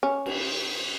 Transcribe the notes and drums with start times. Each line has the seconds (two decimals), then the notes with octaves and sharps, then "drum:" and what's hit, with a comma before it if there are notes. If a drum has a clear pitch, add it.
0.03 C#4
0.26 drum: cymbal